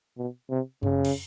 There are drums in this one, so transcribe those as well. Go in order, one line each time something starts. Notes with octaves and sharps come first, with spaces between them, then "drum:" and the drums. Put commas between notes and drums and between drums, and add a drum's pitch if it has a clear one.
B2
C3
C#3, drum: tom F#2
drum: cymbal